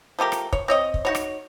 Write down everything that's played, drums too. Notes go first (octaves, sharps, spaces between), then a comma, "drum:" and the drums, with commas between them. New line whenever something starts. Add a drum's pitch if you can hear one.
F3 A3 G4 A#4
drum: rim click
C#5, drum: kick
C4 C#5 D#5
drum: kick
D#4 F#4 C#5
drum: rim click